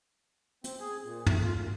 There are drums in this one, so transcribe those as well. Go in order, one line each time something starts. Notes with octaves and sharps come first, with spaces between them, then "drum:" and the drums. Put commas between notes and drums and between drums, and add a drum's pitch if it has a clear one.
C4, drum: hi-hat
G#4
A#2
A3, drum: tom
F4
F#2